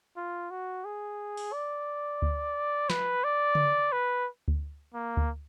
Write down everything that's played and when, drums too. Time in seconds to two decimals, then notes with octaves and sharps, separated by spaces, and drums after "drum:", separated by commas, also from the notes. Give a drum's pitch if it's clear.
0.17 F4
0.51 F#4
0.85 G#4
1.37 drum: open hi-hat
1.53 D5
2.22 drum: kick D2
2.90 B4, drum: snare
3.24 D5
3.55 drum: tom C#3
3.92 B4
4.48 drum: kick D2
4.94 A#3
5.17 drum: kick D2